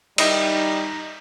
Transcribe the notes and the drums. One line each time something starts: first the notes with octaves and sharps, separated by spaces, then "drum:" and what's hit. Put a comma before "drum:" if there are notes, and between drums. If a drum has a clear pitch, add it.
D#3 G3 D#4 E4 D#5, drum: cymbal